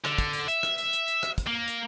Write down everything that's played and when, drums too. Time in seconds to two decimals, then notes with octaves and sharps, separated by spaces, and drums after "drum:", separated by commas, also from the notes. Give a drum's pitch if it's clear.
0.05 D3, drum: rim click
0.18 drum: kick, hi-hat
0.33 drum: hi-hat
0.48 E5, drum: hi-hat
0.63 drum: rim click
0.78 drum: hi-hat
0.93 drum: hi-hat
1.08 drum: hi-hat
1.23 drum: rim click
1.38 drum: kick, hi-hat
1.47 A#3
1.68 drum: hi-hat